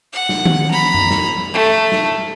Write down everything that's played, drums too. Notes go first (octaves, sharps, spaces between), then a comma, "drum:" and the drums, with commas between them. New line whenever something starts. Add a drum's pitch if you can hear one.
F#5
drum: snare
drum: tom D#3
A#5 B5
drum: tom F#2
drum: snare
A3
drum: snare